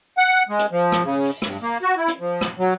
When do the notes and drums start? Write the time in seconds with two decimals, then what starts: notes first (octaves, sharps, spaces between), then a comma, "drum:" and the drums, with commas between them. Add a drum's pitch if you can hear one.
0.18 F#5
0.49 G#3
0.59 drum: hi-hat
0.71 F3
0.92 drum: rim click
1.03 C#3
1.25 drum: open hi-hat
1.42 G2, drum: rim click
1.62 A#3
1.82 F#4
1.97 E4
2.08 drum: hi-hat
2.20 F3
2.41 drum: rim click
2.58 F#3